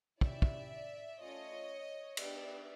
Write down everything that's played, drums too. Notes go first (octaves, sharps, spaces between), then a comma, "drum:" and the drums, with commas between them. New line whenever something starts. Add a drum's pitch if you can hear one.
C#4 E4 G4 D5 E5, drum: kick
drum: kick
A3 C#4 F4 A4 C#5 D#5
B3 D4 G4 D5 E5, drum: cymbal